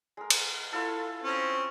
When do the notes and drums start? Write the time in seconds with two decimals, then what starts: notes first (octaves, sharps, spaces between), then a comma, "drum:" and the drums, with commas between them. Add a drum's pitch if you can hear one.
0.17 G#3 A#4
0.30 drum: cymbal
0.73 E4 F4 A4
1.22 C4 C#4